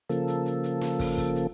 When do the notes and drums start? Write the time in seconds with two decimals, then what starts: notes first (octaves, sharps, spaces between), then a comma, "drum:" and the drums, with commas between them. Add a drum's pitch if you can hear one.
0.09 C#3 F3 A#3 A4, drum: hi-hat
0.27 drum: hi-hat
0.45 drum: hi-hat
0.63 drum: hi-hat
0.81 drum: snare
0.99 drum: kick, open hi-hat
1.17 drum: kick, hi-hat
1.35 drum: hi-hat